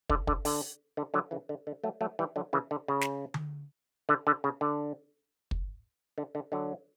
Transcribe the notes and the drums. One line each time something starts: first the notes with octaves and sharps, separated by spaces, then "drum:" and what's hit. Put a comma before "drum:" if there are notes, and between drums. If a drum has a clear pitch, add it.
D3, drum: kick
D3, drum: kick
D3, drum: open hi-hat
D3
D3 F#3
C#3 E3
D3
D3
F#3 A3
F#3 A3
E3 G3
D3 F#3
C#3 E3
D3
C#3
drum: snare
drum: tom D3
D3
D3
C#3
D3
drum: kick
D3
D3
D3 F#3